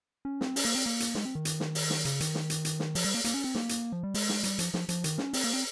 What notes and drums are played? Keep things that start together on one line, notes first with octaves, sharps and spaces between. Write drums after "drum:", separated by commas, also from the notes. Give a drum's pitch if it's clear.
C#4
C4, drum: snare
C#4, drum: open hi-hat
A#3
C4
A#3
drum: hi-hat
G#3, drum: snare
C4
D#3
drum: hi-hat
drum: snare
drum: open hi-hat
drum: snare
C#3, drum: hi-hat
D#3, drum: hi-hat
drum: snare
drum: hi-hat
drum: hi-hat
drum: snare
F3, drum: open hi-hat
G3
A#3
A#3, drum: hi-hat
C#4
C4
A#3, drum: snare
drum: hi-hat
F3
G3
G#3, drum: open hi-hat
drum: snare
G3, drum: hi-hat
F3, drum: hi-hat
F3, drum: snare
F3, drum: hi-hat
D#3, drum: hi-hat
C#4, drum: snare
C4, drum: open hi-hat
A#3
C4